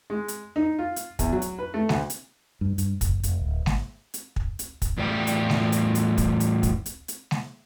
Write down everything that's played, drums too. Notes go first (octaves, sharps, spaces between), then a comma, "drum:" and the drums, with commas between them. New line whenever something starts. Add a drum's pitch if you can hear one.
G#3
drum: hi-hat
D#4
F4
drum: hi-hat
E2, drum: kick, hi-hat
F#3
drum: hi-hat
B4
A3
D2, drum: snare G#3
drum: hi-hat
G2
G2, drum: hi-hat
F#1, drum: kick, hi-hat
F1, drum: hi-hat
D1
G#1, drum: snare G#3
drum: hi-hat
drum: kick
drum: hi-hat
drum: kick, hi-hat
E2 A2 D5 G5
drum: hi-hat
drum: snare G#3
drum: hi-hat
drum: hi-hat
drum: kick, hi-hat
drum: hi-hat
drum: kick, hi-hat
drum: hi-hat
drum: hi-hat
drum: snare G#3